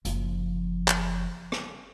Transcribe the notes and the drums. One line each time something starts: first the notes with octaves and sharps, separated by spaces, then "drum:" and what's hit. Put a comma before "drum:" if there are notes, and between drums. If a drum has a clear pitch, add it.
F#1 F3, drum: hi-hat
drum: clap
drum: rim click